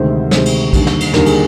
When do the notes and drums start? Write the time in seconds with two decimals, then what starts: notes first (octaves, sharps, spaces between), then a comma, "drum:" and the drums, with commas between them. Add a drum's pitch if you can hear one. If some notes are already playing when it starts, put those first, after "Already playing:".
Already playing: D2 C3 D#3 G#3 C5
0.31 D2 C3 D#3 G#3 C5, drum: snare
0.46 drum: cymbal
0.73 D#2 D3 G3, drum: kick, cymbal
0.87 drum: snare
1.01 drum: cymbal
1.14 D#2 D3 G3 A#4, drum: snare
1.26 G#4, drum: cymbal